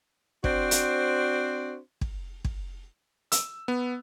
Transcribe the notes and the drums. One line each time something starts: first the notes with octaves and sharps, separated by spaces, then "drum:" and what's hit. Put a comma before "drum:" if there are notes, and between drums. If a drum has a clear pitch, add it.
C4 D4 F#4 C5, drum: kick
drum: hi-hat
drum: kick
drum: kick
E6, drum: hi-hat
B3